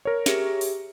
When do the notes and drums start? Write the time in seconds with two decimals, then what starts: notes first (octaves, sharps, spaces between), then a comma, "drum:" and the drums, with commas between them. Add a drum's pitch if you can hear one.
0.05 A#4 C#5
0.26 G4 G#4 E5, drum: snare
0.61 drum: open hi-hat